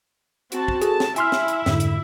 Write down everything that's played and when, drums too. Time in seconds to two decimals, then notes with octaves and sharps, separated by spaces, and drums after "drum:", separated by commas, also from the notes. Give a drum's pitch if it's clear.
0.52 C4 F#4 A5, drum: hi-hat
0.68 drum: kick
0.82 G#4 A4 A5, drum: hi-hat
1.00 drum: snare
1.16 E4 E5 G#5 C6 F6, drum: hi-hat
1.32 drum: snare
1.48 drum: hi-hat
1.66 F2 G#2 D3, drum: snare
1.80 drum: hi-hat